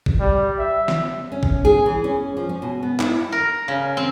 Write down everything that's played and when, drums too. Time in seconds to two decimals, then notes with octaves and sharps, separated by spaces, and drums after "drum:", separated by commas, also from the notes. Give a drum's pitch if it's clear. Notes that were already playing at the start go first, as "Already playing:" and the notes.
0.06 drum: kick A1
0.20 G3
0.59 E5
0.88 drum: snare
1.32 C#4
1.43 drum: kick A1
1.65 G#4
1.86 E3
2.04 C#4
2.37 F3
2.49 C#4
2.62 B2
2.83 B3
2.99 E4, drum: clap
3.32 A#4
3.68 C#3
3.97 C4